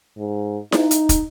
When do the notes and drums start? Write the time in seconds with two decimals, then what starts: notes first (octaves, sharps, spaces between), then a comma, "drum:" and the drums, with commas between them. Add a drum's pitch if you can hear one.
0.18 G#2
0.72 D#4, drum: snare E4
0.91 drum: hi-hat
1.09 drum: kick, hi-hat